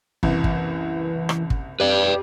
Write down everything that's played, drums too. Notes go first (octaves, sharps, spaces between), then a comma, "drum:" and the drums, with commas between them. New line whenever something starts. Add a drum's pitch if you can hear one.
F#1 C2 E3, drum: kick
drum: kick
drum: rim click
drum: kick
F2 G4 B4 D5